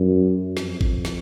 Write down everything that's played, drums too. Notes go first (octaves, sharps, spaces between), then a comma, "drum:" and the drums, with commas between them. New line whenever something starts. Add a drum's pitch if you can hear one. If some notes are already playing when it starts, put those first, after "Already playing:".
Already playing: F#2
F2, drum: snare
drum: kick G#1
drum: snare